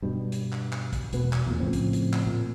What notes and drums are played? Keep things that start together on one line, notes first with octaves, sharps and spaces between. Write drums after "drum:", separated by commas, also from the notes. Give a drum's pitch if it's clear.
G2 B2 G3
drum: hi-hat
drum: clap
drum: clap
drum: kick, hi-hat
E1 B2 B3, drum: hi-hat
drum: clap
E2 A#2
A2 C#3 F3 C4
drum: kick, hi-hat
drum: hi-hat
drum: clap
A#2